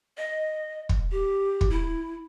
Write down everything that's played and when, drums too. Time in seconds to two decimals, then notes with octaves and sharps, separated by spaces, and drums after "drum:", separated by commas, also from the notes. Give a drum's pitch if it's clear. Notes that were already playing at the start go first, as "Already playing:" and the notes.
0.18 D#5
0.89 drum: kick
1.12 G4
1.61 drum: kick
1.70 E4